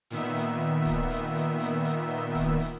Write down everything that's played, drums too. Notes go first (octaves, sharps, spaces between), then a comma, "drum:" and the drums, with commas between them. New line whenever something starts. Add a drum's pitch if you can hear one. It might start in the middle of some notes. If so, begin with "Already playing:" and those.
A#2 D#3 B3 E5, drum: hi-hat
drum: hi-hat
drum: kick, hi-hat
drum: hi-hat
drum: hi-hat
drum: hi-hat
drum: hi-hat
drum: open hi-hat
drum: kick, hi-hat
drum: hi-hat